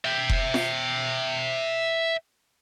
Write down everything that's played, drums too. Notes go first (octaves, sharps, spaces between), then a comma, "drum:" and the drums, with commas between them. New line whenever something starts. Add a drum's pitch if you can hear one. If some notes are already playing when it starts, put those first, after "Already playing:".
E5 G5
drum: kick F1
drum: snare F4